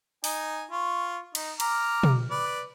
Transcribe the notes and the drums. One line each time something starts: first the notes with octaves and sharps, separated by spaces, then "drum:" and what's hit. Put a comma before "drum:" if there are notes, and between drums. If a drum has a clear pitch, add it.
D#4 G#5, drum: open hi-hat
F4 C#6
D#4, drum: cymbal
A#5 D6 F6, drum: cymbal
drum: tom
B4 D5